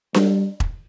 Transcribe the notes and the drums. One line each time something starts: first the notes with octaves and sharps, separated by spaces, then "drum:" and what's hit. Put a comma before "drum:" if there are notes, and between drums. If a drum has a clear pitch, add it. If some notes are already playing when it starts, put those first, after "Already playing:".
G3, drum: snare D4
drum: kick E1